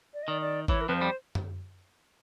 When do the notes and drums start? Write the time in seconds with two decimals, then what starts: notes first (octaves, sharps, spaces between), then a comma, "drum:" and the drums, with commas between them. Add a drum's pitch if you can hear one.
0.14 D5
0.23 D#5
0.28 D#3 D5
0.41 D5
0.68 E3 C#5, drum: kick G#1
0.81 A#4
0.88 F2 F3 B4
0.96 C5
1.01 G3
1.35 drum: tom F#2